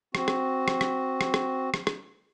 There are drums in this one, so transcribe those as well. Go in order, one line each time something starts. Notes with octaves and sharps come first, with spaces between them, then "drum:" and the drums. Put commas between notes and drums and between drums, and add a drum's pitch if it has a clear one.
C4 F#4, drum: rim click
drum: rim click
drum: rim click
drum: rim click
drum: rim click
drum: rim click
drum: rim click
drum: rim click